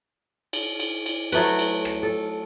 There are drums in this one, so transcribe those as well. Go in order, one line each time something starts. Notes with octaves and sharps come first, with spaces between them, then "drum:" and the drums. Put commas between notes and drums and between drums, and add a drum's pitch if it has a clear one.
drum: cymbal
drum: cymbal
drum: cymbal
F#3 A3 F#4 B4, drum: cymbal
drum: cymbal
drum: rim click
A4